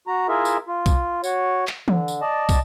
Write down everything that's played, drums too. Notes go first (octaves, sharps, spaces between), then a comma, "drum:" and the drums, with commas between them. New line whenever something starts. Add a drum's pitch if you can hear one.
F#4 A#5
E4 F4 G#4 A#4 E5
drum: tambourine
F4
drum: kick, tambourine
F#4 C#5, drum: tambourine
drum: clap
D3, drum: tom E3
drum: tambourine
D5 D#5 A5
drum: kick, tambourine